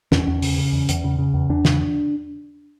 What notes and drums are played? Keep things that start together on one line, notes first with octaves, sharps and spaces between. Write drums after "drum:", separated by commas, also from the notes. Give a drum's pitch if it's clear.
E2 C#4, drum: snare
E2
C#3, drum: open hi-hat
C#3
E2
E2, drum: hi-hat
C#3
C#3
E2
E2 D4
C#3, drum: snare